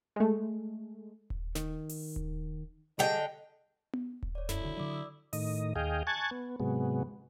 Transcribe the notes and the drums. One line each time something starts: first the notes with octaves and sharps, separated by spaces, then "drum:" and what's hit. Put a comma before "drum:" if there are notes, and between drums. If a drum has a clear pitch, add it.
G#3 A3
drum: kick D#1
D#3, drum: snare
drum: open hi-hat
drum: kick D#1
D3 G3 G#4 D#5 G5
drum: tom B3
drum: kick D#1
C#5 D5
F#2 E4 A4, drum: snare
B1 D3 D4 F#4 A4
D3 F#3 D5 D6
D#6 E6
A2 D#3 D#5, drum: open hi-hat
D#2 G#4 D#5 F5 G5
G#5 A5 C#6 F#6 G#6 A6
B3
G#2 C3 F#3 G#3 B3